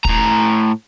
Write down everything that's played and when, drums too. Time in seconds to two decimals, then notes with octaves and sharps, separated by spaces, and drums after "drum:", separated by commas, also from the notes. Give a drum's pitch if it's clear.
0.05 A2 A#5, drum: kick